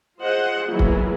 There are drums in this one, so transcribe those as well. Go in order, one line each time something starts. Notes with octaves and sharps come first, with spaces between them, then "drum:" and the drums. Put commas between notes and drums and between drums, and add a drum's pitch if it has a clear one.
F4 G#4 C5 D#5 F#5
E3 F#3 G#3 A#3 B3 E4
drum: kick C#1